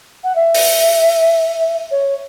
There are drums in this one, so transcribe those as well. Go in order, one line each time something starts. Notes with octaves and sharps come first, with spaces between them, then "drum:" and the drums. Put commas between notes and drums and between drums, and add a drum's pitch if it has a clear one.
F#5
E5
drum: open hi-hat
C#5